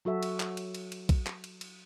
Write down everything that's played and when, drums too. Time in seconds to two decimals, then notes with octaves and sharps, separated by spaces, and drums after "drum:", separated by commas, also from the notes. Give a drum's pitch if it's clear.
0.05 F#3 F#4 A4 E5
0.23 drum: cymbal
0.40 drum: clap
0.57 drum: cymbal
0.75 drum: cymbal
0.92 drum: cymbal
1.09 drum: kick A#1, cymbal
1.26 drum: clap
1.44 drum: cymbal
1.61 drum: cymbal